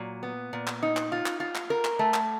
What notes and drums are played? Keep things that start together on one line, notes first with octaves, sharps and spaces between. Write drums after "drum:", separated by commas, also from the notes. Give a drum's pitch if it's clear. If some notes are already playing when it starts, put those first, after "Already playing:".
Already playing: A#2 F#3
B3
A#2
drum: clap
D#4
drum: clap
F4
drum: clap
F4
drum: clap
A#4
drum: clap
A3
drum: clap